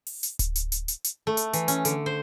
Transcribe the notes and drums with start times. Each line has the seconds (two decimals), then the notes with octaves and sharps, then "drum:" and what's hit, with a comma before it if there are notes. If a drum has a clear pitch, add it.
0.07 drum: open hi-hat
0.23 drum: hi-hat
0.39 drum: kick D1, hi-hat
0.55 drum: hi-hat
0.72 drum: hi-hat
0.88 drum: hi-hat
1.04 drum: hi-hat
1.27 A3
1.37 drum: hi-hat
1.53 E3, drum: hi-hat
1.68 C#4, drum: hi-hat
1.85 D3, drum: hi-hat
2.06 C5